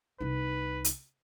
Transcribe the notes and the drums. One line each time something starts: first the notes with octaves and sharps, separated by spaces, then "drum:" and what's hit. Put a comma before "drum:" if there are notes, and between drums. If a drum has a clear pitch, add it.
C2 D#4 B4
drum: hi-hat